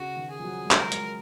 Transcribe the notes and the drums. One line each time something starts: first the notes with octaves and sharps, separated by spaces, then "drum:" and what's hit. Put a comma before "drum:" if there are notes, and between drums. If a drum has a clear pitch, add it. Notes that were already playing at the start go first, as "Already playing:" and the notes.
Already playing: C#3 F#4
D#3
G#4
F3
F#3
G#3
F#3 A#4, drum: clap
G#3, drum: hi-hat